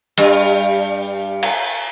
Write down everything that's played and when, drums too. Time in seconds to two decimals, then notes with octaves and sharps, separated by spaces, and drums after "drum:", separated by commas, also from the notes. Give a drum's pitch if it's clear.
0.18 G2 G3, drum: hi-hat
1.43 drum: cymbal